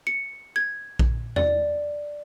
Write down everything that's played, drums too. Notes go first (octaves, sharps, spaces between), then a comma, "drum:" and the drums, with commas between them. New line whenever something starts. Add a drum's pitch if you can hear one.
C#7
G#6
drum: kick A#1
D5, drum: tom E2